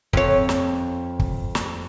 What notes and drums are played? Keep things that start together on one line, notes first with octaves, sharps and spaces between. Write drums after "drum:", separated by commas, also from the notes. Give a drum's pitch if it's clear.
F2 C#5, drum: kick
drum: snare
drum: kick
drum: snare